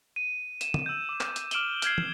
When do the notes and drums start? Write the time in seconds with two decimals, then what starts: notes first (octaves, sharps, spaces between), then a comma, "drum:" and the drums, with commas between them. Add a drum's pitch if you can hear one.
0.16 D#7
0.61 E7, drum: hi-hat
0.74 drum: tom
0.86 E6 G6
1.09 D6 E6
1.21 drum: clap
1.36 drum: hi-hat
1.51 D6 F6 D7 E7 F#7 G7, drum: hi-hat
1.82 F6 G6 G#6 C7, drum: hi-hat
1.98 drum: tom